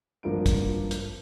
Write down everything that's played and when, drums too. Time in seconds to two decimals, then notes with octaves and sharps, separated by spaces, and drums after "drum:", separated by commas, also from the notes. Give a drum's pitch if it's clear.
0.23 G#1 G2 F3 A#3 D4 D7
0.46 drum: kick, hi-hat
0.91 drum: hi-hat